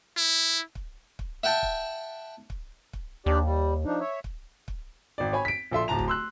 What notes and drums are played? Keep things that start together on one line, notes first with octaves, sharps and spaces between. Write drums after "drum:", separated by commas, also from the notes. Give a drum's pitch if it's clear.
E4
drum: kick
drum: kick
E5 F#5 G5 A5
drum: kick
drum: kick
drum: kick
D#2 D4 G4 D5
G3
F3 D4 D#4
C#5 E5
drum: kick
drum: kick
G#1 D5
C#5 G#5 B5
B6 D7
A#1 A4 E5 C6
D1 A5 A#5 F7
drum: kick
C6 E6 F#6